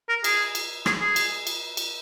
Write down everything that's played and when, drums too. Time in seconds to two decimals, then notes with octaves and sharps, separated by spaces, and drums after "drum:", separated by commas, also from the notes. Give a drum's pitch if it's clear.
0.09 A#4
0.24 G#4, drum: cymbal
0.55 drum: cymbal
0.86 G#4, drum: rim click
1.01 G#4
1.16 drum: cymbal
1.47 drum: cymbal
1.77 drum: cymbal